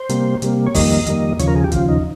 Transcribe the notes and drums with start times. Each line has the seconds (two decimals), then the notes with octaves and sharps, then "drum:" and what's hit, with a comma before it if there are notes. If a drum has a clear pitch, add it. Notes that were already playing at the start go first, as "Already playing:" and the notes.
Already playing: C5
0.09 C3 G3 A#3, drum: hi-hat
0.42 C3 G3 A#3, drum: hi-hat
0.67 C#5
0.74 F2 D#3 G3 A#3 D#5, drum: kick, open hi-hat
1.06 F2 D#3 G3 A#3, drum: hi-hat
1.39 D#2 C#3 F3 C#5, drum: hi-hat
1.48 A#4
1.56 G#4
1.64 G4
1.72 D#2 C#3 F3 F4, drum: kick, hi-hat
1.88 D#4